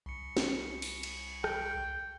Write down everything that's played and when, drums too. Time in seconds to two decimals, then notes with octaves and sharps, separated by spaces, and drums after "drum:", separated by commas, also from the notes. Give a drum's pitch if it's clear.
0.06 C2 C#7
0.37 drum: snare
0.82 drum: open hi-hat
1.03 drum: cymbal
1.44 G5, drum: rim click